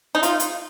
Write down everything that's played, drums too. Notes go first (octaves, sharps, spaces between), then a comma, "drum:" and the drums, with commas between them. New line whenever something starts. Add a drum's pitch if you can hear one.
D#4
F4, drum: hi-hat
drum: hi-hat